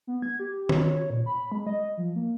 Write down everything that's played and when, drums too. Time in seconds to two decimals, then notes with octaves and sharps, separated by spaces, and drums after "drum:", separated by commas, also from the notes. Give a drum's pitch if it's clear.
0.07 B3
0.22 G#6
0.40 G4
0.69 C#5, drum: tom D#3
0.91 C#5
1.10 A#2
1.26 B5
1.52 G#3
1.67 D#5
1.97 F3
2.15 A#3